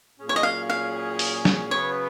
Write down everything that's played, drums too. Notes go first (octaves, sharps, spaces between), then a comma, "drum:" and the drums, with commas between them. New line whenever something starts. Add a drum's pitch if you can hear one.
A#2 F#3 C#4 G#4
C#5
D#5
F5
F5
drum: open hi-hat
drum: snare
C#3 F#3 B3 C#5